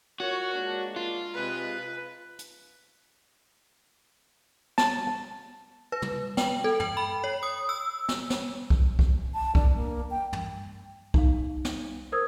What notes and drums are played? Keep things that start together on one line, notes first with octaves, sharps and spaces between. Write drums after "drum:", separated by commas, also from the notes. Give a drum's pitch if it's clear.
F4 F#4 A#4 C#5
G#3 A#3 D4
F4
C3 G#3 B4
drum: hi-hat
A5, drum: snare
B4
drum: tom
G5, drum: snare
A4
G5, drum: tom
B5
C#5
D#6
E6
drum: snare
drum: snare
drum: kick B1
drum: kick B1
A5
D4, drum: kick B1
A#3
G5
drum: tom
D#4 F5, drum: kick B1
drum: snare
A#4 C5 D#6 E6 G#6